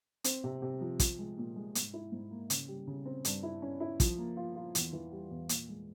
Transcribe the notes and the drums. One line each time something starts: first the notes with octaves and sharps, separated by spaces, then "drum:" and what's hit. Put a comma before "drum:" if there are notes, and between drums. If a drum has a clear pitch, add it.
C4, drum: hi-hat
C3
C3
F3
F3, drum: kick, hi-hat
G#3
A#2
G#3
G#2, drum: hi-hat
E4
G#2
A#3
C#3, drum: hi-hat
G3
C#3
C4
G2, drum: hi-hat
E4
C#4
E4
F3, drum: kick, hi-hat
A#3
F4
F4
E2, drum: hi-hat
E3
G3
E2
A#2, drum: hi-hat
G#3